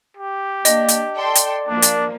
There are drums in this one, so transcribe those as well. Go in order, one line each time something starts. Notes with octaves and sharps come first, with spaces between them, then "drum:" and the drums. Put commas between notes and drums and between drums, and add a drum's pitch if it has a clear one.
G4
A#3 D4 D#5, drum: hi-hat
drum: hi-hat
A4 D5 G5 C6
drum: hi-hat
F3 A#3 D4
drum: hi-hat